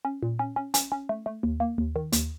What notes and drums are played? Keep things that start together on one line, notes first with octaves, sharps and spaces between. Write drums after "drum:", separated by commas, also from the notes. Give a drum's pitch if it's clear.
C#4
A#2
C#4
C#4
C#4, drum: hi-hat
C#4
A3
A3
D#2
A#3
D#2
D#3
D#2, drum: hi-hat